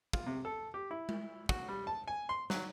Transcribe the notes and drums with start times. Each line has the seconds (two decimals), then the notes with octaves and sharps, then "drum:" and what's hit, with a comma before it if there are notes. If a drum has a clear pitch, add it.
0.13 F4, drum: kick
0.26 C3
0.45 A4
0.74 G4
0.91 E4
1.09 drum: tom G#3
1.49 F#4, drum: kick
1.68 G3
1.87 A5
2.08 G#5
2.29 C6
2.50 F#3, drum: snare